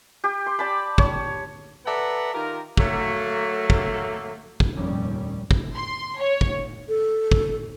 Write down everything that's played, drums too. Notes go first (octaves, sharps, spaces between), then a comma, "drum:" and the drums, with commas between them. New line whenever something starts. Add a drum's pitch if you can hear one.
G4
C6
D5 A5 B5
C#5, drum: kick
A4 B4 D5 E5 F#5 A#5
D#3 F4 G4 A#4
F#3 A3 A#3, drum: kick
drum: kick
drum: kick
F1 D#2 A#2 D#3 G3 C#4
drum: kick
C6
C#5
drum: kick
A4
drum: kick